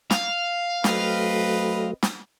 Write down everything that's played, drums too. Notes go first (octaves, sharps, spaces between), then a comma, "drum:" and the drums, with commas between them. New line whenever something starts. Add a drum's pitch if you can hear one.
F5, drum: snare
F#3 A3 C4 B4 D#5, drum: snare
drum: snare